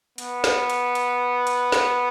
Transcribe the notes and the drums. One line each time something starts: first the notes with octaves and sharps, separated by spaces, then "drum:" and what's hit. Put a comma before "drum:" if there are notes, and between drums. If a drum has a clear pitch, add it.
B3, drum: hi-hat
drum: snare
drum: hi-hat
drum: hi-hat
drum: hi-hat
drum: snare